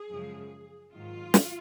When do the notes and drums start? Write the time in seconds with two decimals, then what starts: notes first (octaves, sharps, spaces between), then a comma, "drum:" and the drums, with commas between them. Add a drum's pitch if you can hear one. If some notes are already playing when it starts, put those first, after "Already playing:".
Already playing: G#4
0.10 F#2 C#3 F3 G#3
0.92 G#2 D#3 F#3 F4
1.34 drum: snare